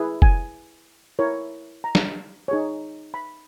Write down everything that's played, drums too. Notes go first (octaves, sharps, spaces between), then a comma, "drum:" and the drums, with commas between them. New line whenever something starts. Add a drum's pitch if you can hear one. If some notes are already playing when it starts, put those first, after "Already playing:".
Already playing: E4 G#4 B4
G#5, drum: kick F1
E4 A#4 C#5
A#5
drum: snare
D#4 G#4 C#5
B5